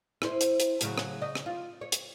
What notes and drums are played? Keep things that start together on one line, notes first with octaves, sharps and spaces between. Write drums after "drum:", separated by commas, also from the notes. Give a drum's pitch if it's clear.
E4 C5, drum: rim click
drum: hi-hat
drum: hi-hat
A2 C#3 F#3, drum: hi-hat
drum: rim click
C#3 D#5
drum: rim click
F4
C#5
drum: hi-hat